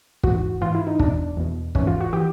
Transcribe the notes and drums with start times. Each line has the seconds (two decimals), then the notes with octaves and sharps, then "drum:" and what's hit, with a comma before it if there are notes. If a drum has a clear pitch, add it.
0.23 G#2 E3 F#4, drum: kick
0.61 G#2 E3 F4
0.75 E4
0.87 D#4
0.99 E2 B2 D4, drum: kick
1.37 E2 B2
1.75 G#2 E3 C#4, drum: kick
1.87 F4
2.01 F#4
2.13 E3 G4